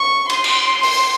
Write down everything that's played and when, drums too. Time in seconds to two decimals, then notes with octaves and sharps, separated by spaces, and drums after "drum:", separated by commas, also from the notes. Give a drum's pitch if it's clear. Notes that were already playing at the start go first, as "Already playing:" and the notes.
Already playing: C#6
0.30 C6, drum: cymbal
0.44 drum: cymbal
0.83 drum: open hi-hat